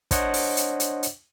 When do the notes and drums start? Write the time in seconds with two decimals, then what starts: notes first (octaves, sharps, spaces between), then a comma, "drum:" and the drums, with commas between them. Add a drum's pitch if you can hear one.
0.11 D4 C5 C#5 D#5 F#5, drum: kick, hi-hat
0.34 drum: open hi-hat
0.57 drum: hi-hat
0.80 drum: hi-hat
1.03 drum: hi-hat